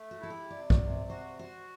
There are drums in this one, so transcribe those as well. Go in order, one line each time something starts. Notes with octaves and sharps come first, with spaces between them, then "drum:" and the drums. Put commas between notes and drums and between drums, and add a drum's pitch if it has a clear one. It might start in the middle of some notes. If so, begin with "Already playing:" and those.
Already playing: A3
F#4
E4 A4
G4
C3 D5
drum: kick
C3
F#4 C5
F#4 C5